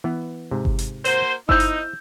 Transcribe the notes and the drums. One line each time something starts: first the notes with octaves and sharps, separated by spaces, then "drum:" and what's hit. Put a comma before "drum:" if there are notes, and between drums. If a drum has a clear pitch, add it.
E3 B3
G#2 C3
drum: kick G1
drum: hi-hat
A#3 F#4 C5, drum: hi-hat
D#4 E4 C5 E6 G6, drum: kick G1
drum: hi-hat